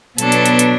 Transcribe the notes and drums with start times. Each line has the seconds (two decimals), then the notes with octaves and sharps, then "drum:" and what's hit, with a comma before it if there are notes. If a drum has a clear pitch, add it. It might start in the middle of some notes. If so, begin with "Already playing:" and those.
0.18 B2 F#3 B3 D4 A4, drum: hi-hat
0.32 drum: hi-hat
0.46 drum: hi-hat
0.59 drum: hi-hat